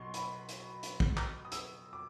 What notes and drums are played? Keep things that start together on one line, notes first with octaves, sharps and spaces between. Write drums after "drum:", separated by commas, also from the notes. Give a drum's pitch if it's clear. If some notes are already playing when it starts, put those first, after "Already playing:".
Already playing: B1 B2 F#3 C6 C#6
B5, drum: hi-hat
drum: hi-hat
drum: hi-hat
drum: kick
drum: clap
D#6
E6, drum: hi-hat
D6